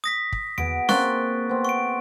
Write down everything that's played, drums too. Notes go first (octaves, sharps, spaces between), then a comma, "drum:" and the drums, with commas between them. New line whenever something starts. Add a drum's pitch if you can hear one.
D#6 A#6 B6
drum: kick
B3 G#4 F#5 D7, drum: tom E2
A#3 C4 C#6 F#6 A6, drum: snare C#4
B3 C4
C#6 D7